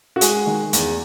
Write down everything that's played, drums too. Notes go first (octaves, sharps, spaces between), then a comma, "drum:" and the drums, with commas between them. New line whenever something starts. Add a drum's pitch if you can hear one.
F#4
G#3 G#4, drum: hi-hat
D#3
E2, drum: hi-hat